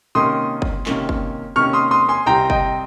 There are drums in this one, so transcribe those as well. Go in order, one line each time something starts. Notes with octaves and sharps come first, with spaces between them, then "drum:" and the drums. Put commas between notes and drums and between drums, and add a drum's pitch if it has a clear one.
C3 D#3 A#3 C#4 C6 D#6
drum: kick F#1
C3 D#3 A#3 C#4, drum: clap
drum: kick F#1
C3 D#3 A#3 C#4 C#6 F6
C6 D#6
C6 D#6
G#5 C6
C2 C3 G3 C4 G5 A#5
D#5 G5, drum: kick F#1